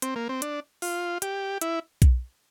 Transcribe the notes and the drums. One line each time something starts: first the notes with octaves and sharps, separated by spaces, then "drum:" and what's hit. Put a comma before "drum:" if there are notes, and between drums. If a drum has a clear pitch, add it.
C4, drum: hi-hat
A#3
C4
D4, drum: hi-hat
F4, drum: open hi-hat
G4, drum: hi-hat
E4, drum: hi-hat
drum: kick B1, hi-hat